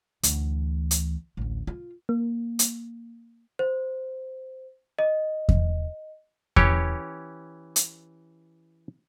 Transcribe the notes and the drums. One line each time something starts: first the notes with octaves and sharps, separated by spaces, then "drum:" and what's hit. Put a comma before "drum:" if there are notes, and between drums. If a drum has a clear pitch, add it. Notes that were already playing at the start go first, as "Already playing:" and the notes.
D2 E3, drum: hi-hat
drum: hi-hat
A1 D2
F4
A#3
drum: hi-hat
C5
D#5
drum: kick E2
E3 C#4 G4 C#5, drum: kick E2
drum: hi-hat